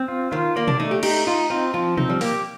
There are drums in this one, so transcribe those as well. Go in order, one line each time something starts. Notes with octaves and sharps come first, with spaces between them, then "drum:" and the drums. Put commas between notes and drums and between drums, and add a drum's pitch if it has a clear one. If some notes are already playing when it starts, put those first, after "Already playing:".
Already playing: C4
F4
D#3 F4
A#3 D5
D4, drum: tom B2
A3 D#4
G4
D#4 G4, drum: cymbal
D#4 F4
C4 F4
F3 F4
C4 D#4, drum: tom B2
G3
A#3 G4, drum: open hi-hat